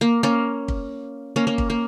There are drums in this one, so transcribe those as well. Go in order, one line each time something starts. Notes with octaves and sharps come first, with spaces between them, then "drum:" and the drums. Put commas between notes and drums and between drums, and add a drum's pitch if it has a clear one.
A#3
A#3 C#4
drum: kick
A#3 C#4
A#3 C#4
drum: kick
A#3